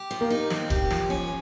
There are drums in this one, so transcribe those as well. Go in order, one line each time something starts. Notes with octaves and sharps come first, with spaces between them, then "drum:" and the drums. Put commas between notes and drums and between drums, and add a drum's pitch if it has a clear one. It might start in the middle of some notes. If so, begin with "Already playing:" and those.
Already playing: G4
F3
A#3
D#4
C4, drum: snare
G4, drum: kick D#1
F3, drum: snare
C#4